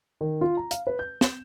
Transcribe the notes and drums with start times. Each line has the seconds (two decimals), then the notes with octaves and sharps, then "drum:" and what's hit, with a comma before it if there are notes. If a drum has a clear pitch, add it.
0.21 D#3
0.41 F4
0.57 A#5
0.71 F5, drum: hi-hat
0.87 B4
0.99 G6
1.21 E7, drum: snare